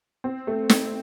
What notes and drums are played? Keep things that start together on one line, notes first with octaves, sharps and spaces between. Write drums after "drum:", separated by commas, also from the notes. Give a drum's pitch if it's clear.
C4
A3
C4, drum: snare